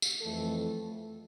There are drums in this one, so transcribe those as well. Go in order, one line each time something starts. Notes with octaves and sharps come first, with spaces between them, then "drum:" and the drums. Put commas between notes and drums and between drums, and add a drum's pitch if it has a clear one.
drum: tambourine
F2 E3 A3 A4